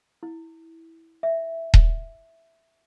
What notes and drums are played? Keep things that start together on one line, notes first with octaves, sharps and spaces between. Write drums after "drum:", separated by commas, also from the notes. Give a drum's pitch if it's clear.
E4
E5
drum: kick D#1